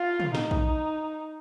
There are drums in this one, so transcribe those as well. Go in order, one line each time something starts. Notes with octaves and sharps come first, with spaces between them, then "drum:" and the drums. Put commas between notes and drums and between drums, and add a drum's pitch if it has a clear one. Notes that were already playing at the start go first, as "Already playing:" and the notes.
Already playing: F4
drum: tom
D#4, drum: snare
drum: kick A#1